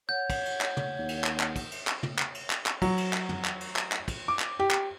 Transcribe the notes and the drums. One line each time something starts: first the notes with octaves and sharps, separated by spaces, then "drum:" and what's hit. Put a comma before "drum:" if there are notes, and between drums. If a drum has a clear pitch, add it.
C#5 F#5 G6
drum: kick, cymbal
drum: cymbal
drum: clap
drum: tom
D#2
drum: cymbal
drum: clap
drum: clap
drum: kick, cymbal
drum: cymbal
drum: clap
drum: tom
drum: clap
drum: cymbal
drum: clap
drum: clap
F#3, drum: kick, cymbal
drum: cymbal
drum: clap
drum: tom
drum: clap
drum: cymbal
drum: clap
drum: clap
drum: kick, cymbal
D6
drum: clap
G4
drum: clap